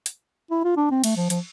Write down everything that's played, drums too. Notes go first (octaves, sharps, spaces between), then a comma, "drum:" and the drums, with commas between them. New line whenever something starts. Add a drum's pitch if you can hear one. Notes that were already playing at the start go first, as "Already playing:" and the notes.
drum: hi-hat
E4
F4
D4
C4
A3, drum: cymbal
F3
F3, drum: hi-hat